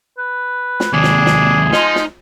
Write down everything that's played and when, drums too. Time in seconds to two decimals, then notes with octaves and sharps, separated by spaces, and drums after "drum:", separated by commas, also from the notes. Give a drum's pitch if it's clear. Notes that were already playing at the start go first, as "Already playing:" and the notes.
0.18 B4
0.80 drum: snare
0.93 D#2 C3 D4 G#4
1.03 drum: snare
1.26 drum: snare
1.72 F3 G#3 D#4, drum: snare
1.96 drum: snare